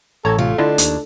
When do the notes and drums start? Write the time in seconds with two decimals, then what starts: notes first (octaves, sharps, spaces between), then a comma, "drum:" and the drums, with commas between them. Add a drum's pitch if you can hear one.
0.25 A1 A4 C#5 A#5 G#6
0.39 C3 A3 F4
0.58 D3 D4 E4 F4 D#5
0.78 D#2, drum: hi-hat